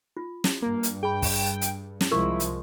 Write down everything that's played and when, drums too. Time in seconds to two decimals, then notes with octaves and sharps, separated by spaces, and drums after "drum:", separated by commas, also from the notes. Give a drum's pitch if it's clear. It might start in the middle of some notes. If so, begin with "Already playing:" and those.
0.17 F4
0.44 drum: snare
0.62 G2 A#3
0.83 drum: hi-hat
1.03 G#4 G5 B5
1.22 drum: kick, open hi-hat
1.61 drum: hi-hat
2.01 drum: snare
2.11 C2 F3 G#3 E4 A#4 C#6
2.40 drum: hi-hat